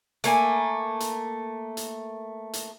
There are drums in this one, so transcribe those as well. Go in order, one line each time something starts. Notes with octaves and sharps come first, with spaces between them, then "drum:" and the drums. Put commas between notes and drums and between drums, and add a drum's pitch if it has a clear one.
A3 A#3 G#5, drum: hi-hat
drum: hi-hat
drum: hi-hat
drum: hi-hat